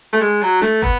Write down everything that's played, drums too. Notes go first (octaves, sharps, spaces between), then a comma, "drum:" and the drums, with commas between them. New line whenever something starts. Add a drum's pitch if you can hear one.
A3
G#3
F#3
A3, drum: snare
B3, drum: kick